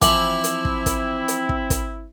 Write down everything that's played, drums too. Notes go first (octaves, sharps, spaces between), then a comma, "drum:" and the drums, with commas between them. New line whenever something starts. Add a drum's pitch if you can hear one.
E3 F3 C4 E4 D6 F#7, drum: kick, hi-hat
drum: hi-hat
drum: kick
drum: kick, hi-hat
drum: hi-hat
drum: kick
drum: kick, hi-hat